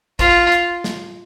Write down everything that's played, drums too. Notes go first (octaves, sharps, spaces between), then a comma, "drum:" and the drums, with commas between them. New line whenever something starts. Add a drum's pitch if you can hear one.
F4, drum: kick, hi-hat
drum: hi-hat
drum: snare